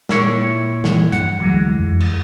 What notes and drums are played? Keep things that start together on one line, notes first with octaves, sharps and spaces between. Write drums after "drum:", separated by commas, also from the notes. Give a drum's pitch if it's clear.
A#2 E4 C#5, drum: snare
E3 F3, drum: snare
G2 F#5, drum: hi-hat
D2 E3 F#3 G#3
F2
drum: cymbal